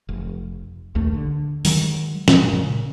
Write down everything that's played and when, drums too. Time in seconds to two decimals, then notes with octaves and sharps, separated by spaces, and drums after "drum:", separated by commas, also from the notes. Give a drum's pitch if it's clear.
0.09 F1
0.95 A#1 D#2 A3
1.14 D3
1.65 D#3 F#3 G#3, drum: open hi-hat
2.28 F#2 A#2 E3 G#3, drum: snare
2.53 A#2 C#3